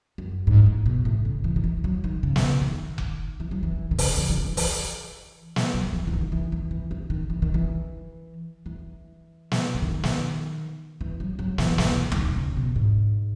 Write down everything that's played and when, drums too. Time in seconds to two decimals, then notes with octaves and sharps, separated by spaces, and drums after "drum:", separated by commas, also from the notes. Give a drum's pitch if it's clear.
0.18 F#2
0.47 G#2
0.66 A2
0.86 B2
1.05 A2
1.25 C#3
1.44 E3
1.56 D#3
1.64 E3
1.84 F#3
2.04 D#3
2.23 C#3
2.36 drum: snare
2.61 D#3
2.98 drum: kick F1
3.40 E3
3.51 F#3
3.63 E3
3.91 D#3
3.98 C#3, drum: open hi-hat
4.18 E3
4.30 D#3
4.37 E3
4.57 E3, drum: open hi-hat
5.56 drum: snare
5.74 F#3
5.93 E3
6.07 E3
6.13 D#3
6.32 E3
6.52 E3
6.71 E3
6.91 E3
7.10 D#3
7.30 E3
7.42 D#3
7.54 E3
8.66 E3
9.52 drum: snare
9.75 E3
9.82 D#3
10.03 drum: snare
11.01 E3
11.20 F#3
11.39 F#3
11.58 E3, drum: snare
11.78 E3, drum: snare
11.97 E3
12.12 E3, drum: tom
12.17 D#3
12.31 B2
12.37 C#3
12.57 B2
12.76 G#2